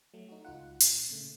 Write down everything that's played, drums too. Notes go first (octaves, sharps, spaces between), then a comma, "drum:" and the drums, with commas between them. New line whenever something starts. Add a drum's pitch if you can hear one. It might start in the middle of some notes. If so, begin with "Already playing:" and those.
F#3 A3
D#4 F#4
C#2 D#4 F4 F#5
A#2, drum: hi-hat
A#2 C#3 A3